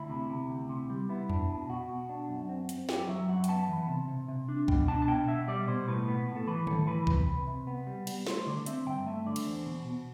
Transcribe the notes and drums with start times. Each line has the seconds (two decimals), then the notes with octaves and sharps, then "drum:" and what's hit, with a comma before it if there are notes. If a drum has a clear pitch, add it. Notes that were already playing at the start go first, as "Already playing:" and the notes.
Already playing: D2 E4
0.10 C3
0.30 C3
0.50 D2
0.69 C3
0.90 G3
1.09 B3 E4
1.30 D4, drum: tom E2
1.49 B2
1.69 B2 F#4
1.89 B2
2.09 D4
2.29 F#2
2.49 C4
2.69 C4, drum: hi-hat
2.89 F#2 G4, drum: snare
3.09 F#3 E5
3.28 F#2 F#5
3.44 G5, drum: hi-hat
3.48 B3 A5
3.69 E3
3.89 C3
4.08 C3
4.28 C3
4.49 D4
4.68 B2 G5, drum: kick C2
4.88 D4 A5
5.02 A5
5.08 B2 G5
5.28 B2 E5
5.48 G3 D5
5.68 B2 C5
5.88 A2 B4
6.08 B3
6.28 A2
6.36 A4
6.47 E3 B4
6.67 A2 A4, drum: tom D3
6.87 E3 B4
7.07 C3 B4, drum: kick C2
7.27 C3
7.47 C3
7.67 B3
7.87 G3
8.07 G3, drum: cymbal
8.27 A3 C5, drum: snare
8.47 D3 D5
8.66 C4 E5, drum: hi-hat
8.86 G2 G5
9.06 A3 E5
9.26 D3 D5
9.36 drum: cymbal
9.46 E2 C5
9.66 B2
9.86 B2